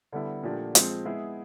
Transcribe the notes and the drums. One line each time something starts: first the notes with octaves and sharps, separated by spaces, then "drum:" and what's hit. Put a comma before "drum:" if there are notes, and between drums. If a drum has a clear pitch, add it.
D3 G3 B3 E4
A#2 F3 A3 D4 G4
F3 G#3 C4, drum: hi-hat
G#3 B3 E4 G#4